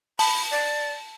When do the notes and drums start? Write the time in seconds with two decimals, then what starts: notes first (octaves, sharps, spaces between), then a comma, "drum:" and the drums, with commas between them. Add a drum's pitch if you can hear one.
0.19 A5 B5, drum: open hi-hat
0.51 D5